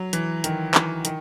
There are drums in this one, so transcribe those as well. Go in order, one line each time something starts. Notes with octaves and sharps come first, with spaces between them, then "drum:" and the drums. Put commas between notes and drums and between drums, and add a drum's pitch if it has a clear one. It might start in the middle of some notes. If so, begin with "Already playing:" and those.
Already playing: F#3
E3, drum: hi-hat
D#3, drum: hi-hat
E3, drum: clap
D#3, drum: hi-hat